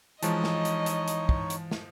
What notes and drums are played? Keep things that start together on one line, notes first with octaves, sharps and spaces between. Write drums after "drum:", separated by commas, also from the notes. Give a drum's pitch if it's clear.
E3 F3 G#3 D#4 C#5 D#5 A5, drum: hi-hat
drum: snare
drum: hi-hat
drum: hi-hat
drum: hi-hat
drum: kick
drum: hi-hat
drum: snare